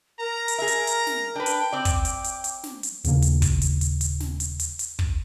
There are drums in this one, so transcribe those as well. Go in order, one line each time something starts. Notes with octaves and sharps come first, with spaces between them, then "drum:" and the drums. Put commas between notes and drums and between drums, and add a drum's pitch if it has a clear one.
A#4 A#5
drum: hi-hat
G#4 E5 A#5
drum: hi-hat
drum: hi-hat
drum: snare
D4 B4 G5
drum: hi-hat
C4 D5 D6
drum: kick, hi-hat
G5, drum: hi-hat
drum: hi-hat
drum: hi-hat
drum: snare
drum: hi-hat
D#1 D#2 C#3 A#3, drum: hi-hat
drum: hi-hat
drum: kick, hi-hat
drum: hi-hat
drum: hi-hat
drum: hi-hat
drum: snare
drum: hi-hat
drum: hi-hat
drum: hi-hat
drum: kick